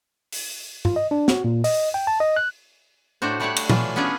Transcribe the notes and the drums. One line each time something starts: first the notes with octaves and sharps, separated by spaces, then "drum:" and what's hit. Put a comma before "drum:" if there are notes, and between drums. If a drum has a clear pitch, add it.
drum: open hi-hat
F4, drum: tom G2
D#5
D4
F#4, drum: snare
A#2
D#5, drum: open hi-hat
G5
A5
D#5
F#6
A2 A3 D4 F#4 C5
G3 A3 D4 C#5 D5 F#5
drum: cymbal
E3 F#3 F4, drum: tom
B3 C#4 D4 F4 G#4